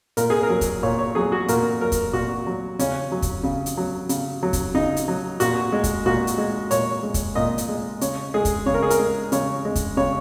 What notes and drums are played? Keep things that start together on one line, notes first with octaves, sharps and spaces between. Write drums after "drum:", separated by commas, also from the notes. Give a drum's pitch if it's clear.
A#2 A#4, drum: hi-hat
G#4
A#4
F#3
drum: kick, hi-hat
A#2 C#5
C#5
F#3 G#4
F#4
A#2 A#4, drum: hi-hat
F#3 A#4
drum: kick, hi-hat
A#2 F#4
F#3
C#3 C#4, drum: hi-hat
F#3
drum: kick, hi-hat
C#3
drum: hi-hat
F#3
C#3, drum: hi-hat
F#3
drum: kick, hi-hat
C#3 D#4
drum: hi-hat
F#3
A#2 F#4, drum: hi-hat
G#3
drum: kick, hi-hat
A#2 F#4
drum: hi-hat
G#3
A#2 C#5, drum: hi-hat
G#3
drum: kick, hi-hat
A#2 D#5
drum: hi-hat
G#3
C#3 C#5, drum: hi-hat
G#3 G#4
drum: kick, hi-hat
C#3 C#5
A#4
G#4
A#4, drum: hi-hat
G#3
C#3 C#5, drum: hi-hat
G#3
drum: kick, hi-hat
C#3 C#5